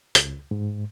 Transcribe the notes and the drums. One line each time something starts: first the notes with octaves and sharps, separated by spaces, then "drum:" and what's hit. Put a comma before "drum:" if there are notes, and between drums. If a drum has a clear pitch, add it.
C#2, drum: hi-hat
G#2